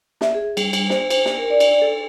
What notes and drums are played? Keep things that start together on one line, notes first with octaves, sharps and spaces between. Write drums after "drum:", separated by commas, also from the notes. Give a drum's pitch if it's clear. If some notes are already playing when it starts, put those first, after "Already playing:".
E5, drum: snare
G#4
G3, drum: cymbal
drum: cymbal
C5, drum: snare
C5, drum: cymbal
drum: snare
A#4
D5
drum: cymbal
A4